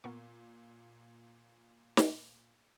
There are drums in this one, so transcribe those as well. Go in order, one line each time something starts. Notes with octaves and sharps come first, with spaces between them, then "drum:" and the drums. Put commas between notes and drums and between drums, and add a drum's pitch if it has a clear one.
A#2 B3 A#4 C#6
drum: snare